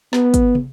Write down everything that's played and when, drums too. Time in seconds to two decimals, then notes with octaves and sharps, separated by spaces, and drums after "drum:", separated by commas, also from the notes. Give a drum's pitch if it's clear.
0.13 B3, drum: snare
0.34 drum: kick, hi-hat
0.55 drum: tom